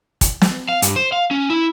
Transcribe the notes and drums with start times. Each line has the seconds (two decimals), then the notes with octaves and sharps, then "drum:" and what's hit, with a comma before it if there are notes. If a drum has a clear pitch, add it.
0.21 drum: kick, hi-hat
0.41 drum: snare
0.68 F5
0.82 G2, drum: hi-hat
0.96 C5
1.12 F5
1.31 C#4
1.50 E4